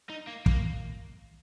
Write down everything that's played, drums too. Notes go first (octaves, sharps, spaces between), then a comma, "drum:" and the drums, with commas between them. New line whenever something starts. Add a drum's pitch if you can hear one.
D#4
A#3
A#3, drum: kick